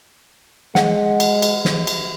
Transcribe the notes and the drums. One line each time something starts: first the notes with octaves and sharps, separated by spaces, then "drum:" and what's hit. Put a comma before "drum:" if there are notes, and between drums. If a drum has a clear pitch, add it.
G#3 F#5, drum: snare
drum: cymbal
drum: cymbal
drum: snare
drum: cymbal